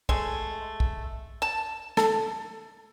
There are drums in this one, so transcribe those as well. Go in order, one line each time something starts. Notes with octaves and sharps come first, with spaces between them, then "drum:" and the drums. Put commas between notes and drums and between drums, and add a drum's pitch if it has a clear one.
G#3 A3, drum: kick
drum: kick
A5
A4, drum: snare